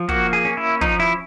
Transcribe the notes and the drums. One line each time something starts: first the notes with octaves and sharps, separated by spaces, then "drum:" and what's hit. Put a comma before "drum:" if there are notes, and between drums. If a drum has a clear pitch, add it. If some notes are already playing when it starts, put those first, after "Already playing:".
Already playing: F3
A#3 F#4, drum: kick
G#4
C#4
E4
F3 D#4, drum: kick
E4